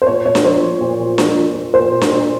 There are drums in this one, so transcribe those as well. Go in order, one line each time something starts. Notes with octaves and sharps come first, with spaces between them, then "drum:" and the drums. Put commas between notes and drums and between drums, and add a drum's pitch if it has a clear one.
C5
A#2 C#5
A#2 C#5
drum: snare D4
F3 C5
F3
A#2
A#2
F3, drum: snare D4
F3
A#2
A#2 C5
A#2
drum: snare D4
A#2